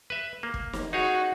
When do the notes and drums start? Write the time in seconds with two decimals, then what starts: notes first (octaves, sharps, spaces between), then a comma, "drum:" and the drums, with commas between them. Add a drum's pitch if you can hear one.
0.10 B4 E5
0.43 A#3
0.54 drum: kick
0.73 drum: snare
0.93 D#4 F#4 G#4 C#5